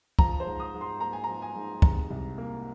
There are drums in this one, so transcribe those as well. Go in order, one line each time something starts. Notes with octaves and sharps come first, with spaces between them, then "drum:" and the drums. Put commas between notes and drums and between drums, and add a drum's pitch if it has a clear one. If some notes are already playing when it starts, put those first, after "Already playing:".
F3 A#5, drum: kick
C5
G#2
D#6
G#2
C6
A#3 A#5
G#5
F3 A#5
G#5
G#2
C3 A#5, drum: kick
C2
A#3